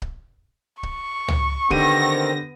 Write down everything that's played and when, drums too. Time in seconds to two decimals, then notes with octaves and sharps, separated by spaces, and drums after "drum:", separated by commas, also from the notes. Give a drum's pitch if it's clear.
0.02 drum: kick C#1
0.83 C#6, drum: kick C#1
1.28 drum: tom C#2
1.70 D3 D#3 B3 C4 G4 A#6 D#7, drum: kick C#1